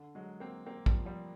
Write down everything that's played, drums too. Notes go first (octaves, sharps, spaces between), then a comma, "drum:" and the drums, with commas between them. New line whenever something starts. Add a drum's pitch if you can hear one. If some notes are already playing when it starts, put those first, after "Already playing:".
Already playing: D3
F#3 G#3
A#3 C4
A#3 C4
F3 G3, drum: kick
F3 G3